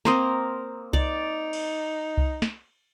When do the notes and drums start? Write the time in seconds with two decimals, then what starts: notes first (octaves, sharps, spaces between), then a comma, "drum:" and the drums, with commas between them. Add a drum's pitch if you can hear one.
0.05 A#3 C4 A#4 A#5 C6 D#6, drum: snare
0.93 D#4 D5, drum: kick C2
1.53 drum: cymbal
2.17 drum: kick C2
2.42 drum: snare